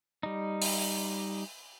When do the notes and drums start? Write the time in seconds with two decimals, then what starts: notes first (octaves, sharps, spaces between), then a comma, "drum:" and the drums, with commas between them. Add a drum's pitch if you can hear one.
0.23 G3 D#4
0.62 drum: open hi-hat